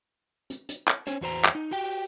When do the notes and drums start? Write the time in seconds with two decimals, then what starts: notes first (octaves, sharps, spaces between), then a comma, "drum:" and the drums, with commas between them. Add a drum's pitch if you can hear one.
0.50 drum: hi-hat
0.69 drum: hi-hat
0.88 drum: clap
1.07 C#4 C5 C#5, drum: hi-hat
1.21 E2 F#4 C5 A#5
1.45 drum: clap
1.55 D#4
1.71 F#4 G4 G5
1.83 drum: open hi-hat